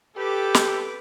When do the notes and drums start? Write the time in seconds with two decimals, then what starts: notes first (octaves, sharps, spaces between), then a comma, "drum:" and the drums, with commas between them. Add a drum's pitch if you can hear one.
0.17 G4 A4 B4 D6
0.54 drum: snare